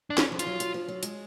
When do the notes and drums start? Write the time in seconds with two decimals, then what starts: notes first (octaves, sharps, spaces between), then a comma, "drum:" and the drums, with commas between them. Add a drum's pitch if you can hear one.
0.10 D4
0.18 F3 C#4, drum: snare
0.32 F3
0.39 F4, drum: hi-hat
0.47 F#3
0.60 F#3, drum: hi-hat
0.74 F3
0.88 F#3
1.03 G#3, drum: hi-hat